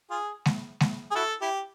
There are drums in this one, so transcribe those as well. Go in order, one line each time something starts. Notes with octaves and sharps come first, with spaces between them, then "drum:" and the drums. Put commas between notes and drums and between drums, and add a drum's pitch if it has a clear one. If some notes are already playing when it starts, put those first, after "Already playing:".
F4 G#4
drum: snare G#3
drum: snare G#3
G#4
E4 F#4 A4
E4 G4